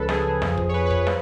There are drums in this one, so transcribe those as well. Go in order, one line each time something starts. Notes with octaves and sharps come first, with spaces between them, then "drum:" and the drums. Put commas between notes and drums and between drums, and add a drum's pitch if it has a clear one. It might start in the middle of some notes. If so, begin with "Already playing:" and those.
Already playing: C#2 C#3 F3 A4 B4
G#4, drum: snare
F2 F3, drum: snare
drum: kick
C#5
B4
B4
C#5, drum: kick
F3, drum: snare